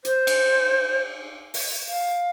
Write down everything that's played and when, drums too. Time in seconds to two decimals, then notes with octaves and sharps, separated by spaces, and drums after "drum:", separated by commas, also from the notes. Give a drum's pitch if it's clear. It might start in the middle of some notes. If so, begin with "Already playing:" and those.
0.05 C5, drum: hi-hat
0.27 drum: cymbal
1.54 drum: open hi-hat
1.87 F5